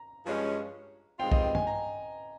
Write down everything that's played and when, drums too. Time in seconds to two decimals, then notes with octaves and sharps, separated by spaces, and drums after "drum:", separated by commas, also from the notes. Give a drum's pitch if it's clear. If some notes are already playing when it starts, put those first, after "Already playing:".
Already playing: A#5
0.25 G2 F3 G#3 C#4
1.19 G2 D#3 G#3 C4 F4 G5
1.32 D#5, drum: kick
1.43 G5
1.55 G#5, drum: tom
1.67 A#5